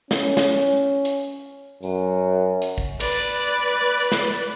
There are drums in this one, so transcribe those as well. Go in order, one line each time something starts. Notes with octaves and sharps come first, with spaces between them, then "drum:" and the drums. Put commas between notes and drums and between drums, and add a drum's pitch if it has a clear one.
C#4, drum: snare
drum: snare
drum: hi-hat
F#2, drum: tambourine
drum: hi-hat
drum: kick
B4 D5, drum: cymbal
drum: open hi-hat
drum: snare